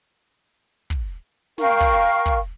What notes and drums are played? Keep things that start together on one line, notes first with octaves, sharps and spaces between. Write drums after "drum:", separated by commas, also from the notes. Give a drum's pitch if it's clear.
drum: kick
A#4 F5 G5 C#6, drum: snare
drum: kick
drum: kick